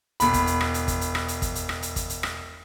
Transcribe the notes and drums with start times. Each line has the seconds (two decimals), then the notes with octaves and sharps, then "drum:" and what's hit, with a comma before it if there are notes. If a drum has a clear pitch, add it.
0.20 E1 B5, drum: hi-hat
0.33 drum: kick, hi-hat
0.47 drum: hi-hat
0.61 drum: rim click
0.74 drum: hi-hat
0.88 drum: kick, hi-hat
1.01 drum: hi-hat
1.15 drum: rim click
1.28 drum: hi-hat
1.42 drum: kick, hi-hat
1.55 drum: hi-hat
1.69 drum: rim click
1.82 drum: hi-hat
1.96 drum: kick, hi-hat
2.10 drum: hi-hat
2.23 drum: rim click